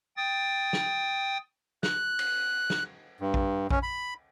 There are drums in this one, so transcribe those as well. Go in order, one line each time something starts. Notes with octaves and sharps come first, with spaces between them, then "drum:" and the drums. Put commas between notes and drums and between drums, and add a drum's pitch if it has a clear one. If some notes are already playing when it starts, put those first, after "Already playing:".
G5 D#6 A6
drum: snare
F#6, drum: snare
drum: cymbal
drum: snare
G2
drum: kick A#1
C#4, drum: kick A#1
B5